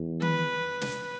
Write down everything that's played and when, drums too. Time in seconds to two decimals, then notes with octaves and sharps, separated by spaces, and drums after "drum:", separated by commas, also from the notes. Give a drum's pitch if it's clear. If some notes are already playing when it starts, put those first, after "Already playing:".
Already playing: E2
0.22 B4, drum: tom D#3
0.82 drum: snare